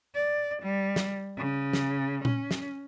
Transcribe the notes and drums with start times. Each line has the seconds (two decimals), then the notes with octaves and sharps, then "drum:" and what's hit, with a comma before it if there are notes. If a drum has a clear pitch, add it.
0.15 D5
0.63 G3
0.96 drum: snare
1.37 C#3
1.73 drum: snare
2.25 C#4, drum: tom A#2
2.51 drum: snare